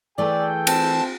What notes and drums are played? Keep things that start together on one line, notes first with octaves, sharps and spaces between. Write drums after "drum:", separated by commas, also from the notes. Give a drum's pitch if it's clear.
E3 A3 G#4 A4 D5 G5
C4 A5, drum: cymbal